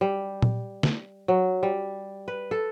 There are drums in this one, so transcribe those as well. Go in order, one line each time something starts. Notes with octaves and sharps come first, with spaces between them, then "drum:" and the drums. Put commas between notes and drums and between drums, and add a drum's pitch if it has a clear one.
G3
drum: tom A#2
drum: snare
F#3
G3
B4
A4